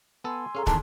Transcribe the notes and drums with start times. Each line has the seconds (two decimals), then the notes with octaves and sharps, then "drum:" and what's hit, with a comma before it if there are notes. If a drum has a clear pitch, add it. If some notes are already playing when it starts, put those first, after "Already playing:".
0.24 B3 A4 G#5 C6 E6
0.55 C#4 G#4 A4 F5 A#5
0.67 E2 D#3 A5, drum: kick